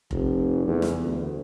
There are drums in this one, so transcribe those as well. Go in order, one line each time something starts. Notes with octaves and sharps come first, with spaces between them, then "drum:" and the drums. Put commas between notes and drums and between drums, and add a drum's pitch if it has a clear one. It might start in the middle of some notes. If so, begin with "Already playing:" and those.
F1, drum: kick F1
E2
drum: snare
D2